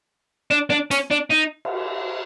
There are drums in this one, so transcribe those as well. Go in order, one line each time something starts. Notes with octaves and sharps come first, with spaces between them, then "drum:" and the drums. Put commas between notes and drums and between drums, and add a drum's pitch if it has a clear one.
D4
D4
C#4, drum: hi-hat
D4
D#4
drum: cymbal